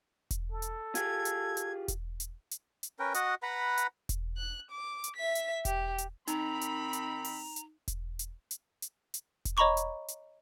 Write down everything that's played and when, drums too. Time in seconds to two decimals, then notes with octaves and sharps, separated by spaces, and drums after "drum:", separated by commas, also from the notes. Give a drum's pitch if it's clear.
0.31 drum: kick E1, hi-hat
0.52 A4
0.62 drum: hi-hat
0.95 F4 G4 G#4 G#6, drum: hi-hat
1.25 drum: hi-hat
1.57 drum: hi-hat
1.88 drum: kick E1, hi-hat
2.20 drum: hi-hat
2.51 drum: hi-hat
2.83 drum: hi-hat
2.99 C#4 A#4 B4 G5
3.14 F#4 D#5 F#5, drum: hi-hat
3.43 B4 F#5 A#5 B5
3.77 drum: hi-hat
4.09 drum: kick E1, hi-hat
4.37 F#6
4.71 D6
5.04 drum: hi-hat
5.16 E5 B6
5.35 drum: hi-hat
5.65 G4, drum: kick E1, hi-hat
5.98 drum: hi-hat
6.28 D#3 C4 D#4 A#5 B5, drum: hi-hat
6.61 drum: hi-hat
6.93 drum: hi-hat
7.24 drum: open hi-hat
7.56 drum: hi-hat
7.88 drum: kick E1, hi-hat
8.19 drum: hi-hat
8.51 drum: hi-hat
8.82 drum: hi-hat
9.14 drum: hi-hat
9.45 drum: kick E1, hi-hat
9.57 C#5 D#5 A#5 B5 C#6 D6
9.77 drum: hi-hat
10.08 drum: hi-hat